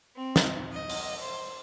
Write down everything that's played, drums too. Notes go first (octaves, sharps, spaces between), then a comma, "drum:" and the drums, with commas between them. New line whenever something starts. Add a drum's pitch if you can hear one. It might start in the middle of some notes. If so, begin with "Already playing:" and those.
C4
drum: snare
D#5
drum: open hi-hat
C5